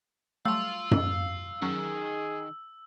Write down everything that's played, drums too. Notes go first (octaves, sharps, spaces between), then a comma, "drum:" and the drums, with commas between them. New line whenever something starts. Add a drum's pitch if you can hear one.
F#3 G3 A3 F5 C6 E6
drum: tom F#2
D#3 F#3 C#4 G#4